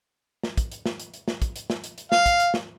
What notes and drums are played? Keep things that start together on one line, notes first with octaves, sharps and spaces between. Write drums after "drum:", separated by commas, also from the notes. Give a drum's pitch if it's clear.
drum: snare
drum: kick, hi-hat
drum: hi-hat
drum: snare
drum: hi-hat
drum: hi-hat
drum: snare
drum: kick, hi-hat
drum: hi-hat
drum: snare
drum: hi-hat
drum: hi-hat
F5, drum: snare
drum: kick, hi-hat
drum: hi-hat
drum: snare